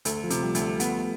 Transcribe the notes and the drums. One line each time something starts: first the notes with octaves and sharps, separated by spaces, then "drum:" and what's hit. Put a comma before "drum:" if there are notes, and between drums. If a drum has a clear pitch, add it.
D2 A3 A4, drum: hi-hat
F3 F4
C3, drum: hi-hat
G3 G4
D2, drum: hi-hat
A3 A4
B3, drum: hi-hat